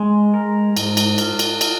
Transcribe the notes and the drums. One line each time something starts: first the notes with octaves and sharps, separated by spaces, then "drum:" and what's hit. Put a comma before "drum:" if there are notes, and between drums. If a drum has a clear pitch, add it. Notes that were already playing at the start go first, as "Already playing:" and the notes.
Already playing: G#3
A#4
G#2, drum: cymbal
drum: cymbal
F4, drum: cymbal
drum: cymbal
F4, drum: cymbal